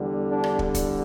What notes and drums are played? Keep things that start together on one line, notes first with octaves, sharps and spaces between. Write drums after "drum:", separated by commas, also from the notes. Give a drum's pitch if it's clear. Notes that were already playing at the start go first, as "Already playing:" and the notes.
Already playing: E2 D3 G3
D4
drum: rim click
drum: kick
drum: kick, hi-hat